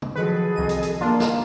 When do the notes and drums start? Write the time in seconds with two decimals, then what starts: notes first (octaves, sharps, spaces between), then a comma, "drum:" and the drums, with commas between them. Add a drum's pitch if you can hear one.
0.02 drum: tom
0.16 D#3 F3 F#3 G#4 A4 B4 D#5
0.56 C2 D#7
0.69 drum: hi-hat
0.83 drum: hi-hat
1.01 A#3 D4 F4
1.20 drum: snare